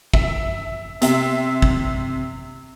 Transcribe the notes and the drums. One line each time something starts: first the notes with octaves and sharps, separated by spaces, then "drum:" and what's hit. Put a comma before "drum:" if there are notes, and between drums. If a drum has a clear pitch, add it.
E5, drum: kick
C3 E5, drum: hi-hat
drum: kick